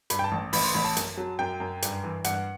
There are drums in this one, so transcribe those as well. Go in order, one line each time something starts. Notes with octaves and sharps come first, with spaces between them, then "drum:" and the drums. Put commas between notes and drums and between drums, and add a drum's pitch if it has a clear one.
G2 B5, drum: hi-hat
G5
A5
A1
A1 B5, drum: open hi-hat
C6
A1 B5
A5
F#2, drum: hi-hat
F#3
F#2 G5
F#2
G2, drum: hi-hat
E3
G2 F#5, drum: hi-hat